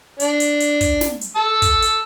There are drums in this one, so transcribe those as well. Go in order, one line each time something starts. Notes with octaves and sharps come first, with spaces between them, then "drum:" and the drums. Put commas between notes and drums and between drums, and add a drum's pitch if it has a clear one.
D4, drum: hi-hat
drum: hi-hat
drum: hi-hat
drum: kick, hi-hat
drum: snare
drum: hi-hat
A5 E6
drum: kick, hi-hat
drum: hi-hat